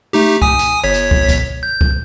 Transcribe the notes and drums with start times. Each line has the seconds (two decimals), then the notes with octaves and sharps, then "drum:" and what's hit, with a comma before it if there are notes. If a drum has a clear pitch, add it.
0.13 A3 D#4 G4
0.42 G#5 D#6, drum: kick
0.59 drum: hi-hat
0.84 G1 C#5 B6
0.94 drum: hi-hat
1.11 drum: kick
1.29 drum: kick, hi-hat
1.63 G6
1.81 drum: kick